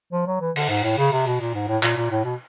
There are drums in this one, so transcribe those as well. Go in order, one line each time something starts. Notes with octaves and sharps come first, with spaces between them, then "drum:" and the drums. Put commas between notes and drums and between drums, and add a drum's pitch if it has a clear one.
F3
F#3
E3
D3, drum: cymbal
G#2
A2
C#3
C3
B2, drum: tambourine
A#2
G#2
A2
A#2, drum: clap
A#2
A2
B2